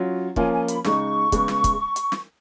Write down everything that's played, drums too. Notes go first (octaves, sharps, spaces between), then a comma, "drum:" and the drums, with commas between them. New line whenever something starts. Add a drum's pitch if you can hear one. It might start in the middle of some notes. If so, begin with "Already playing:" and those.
Already playing: F#3 C#4 F4
F3 A#3 C#4 F4 G#5, drum: kick
G#5
B5, drum: hi-hat
C#3 G#3 D#4 C#6, drum: snare
C#3 G#3 B3, drum: kick, hi-hat
drum: snare
drum: kick, hi-hat
drum: hi-hat
drum: snare